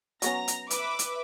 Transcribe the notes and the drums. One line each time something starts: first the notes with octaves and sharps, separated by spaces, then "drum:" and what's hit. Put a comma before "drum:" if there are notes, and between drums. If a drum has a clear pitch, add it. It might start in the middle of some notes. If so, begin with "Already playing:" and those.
F#3 B3 C#4 A#5 A#6, drum: hi-hat
drum: hi-hat
B4 E5 D6, drum: hi-hat
drum: hi-hat